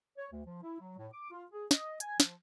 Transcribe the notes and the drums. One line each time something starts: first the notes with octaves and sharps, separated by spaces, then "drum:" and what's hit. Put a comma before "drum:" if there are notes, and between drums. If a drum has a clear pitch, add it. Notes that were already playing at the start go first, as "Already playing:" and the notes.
C#5
D2
F3
E4
F#3
A2
D6
F4
G#4
D#5, drum: snare
G#5, drum: hi-hat
F3, drum: snare